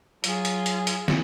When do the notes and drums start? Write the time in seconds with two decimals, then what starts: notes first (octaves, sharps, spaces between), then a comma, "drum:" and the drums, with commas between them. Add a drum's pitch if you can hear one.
0.24 F#3 F4 G#4, drum: hi-hat
0.45 drum: hi-hat
0.66 drum: hi-hat
0.87 drum: hi-hat
1.08 drum: snare